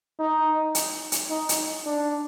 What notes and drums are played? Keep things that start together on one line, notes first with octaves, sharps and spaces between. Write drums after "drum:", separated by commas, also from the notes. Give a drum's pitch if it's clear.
D#4
drum: hi-hat
drum: hi-hat
D#4
drum: hi-hat
D4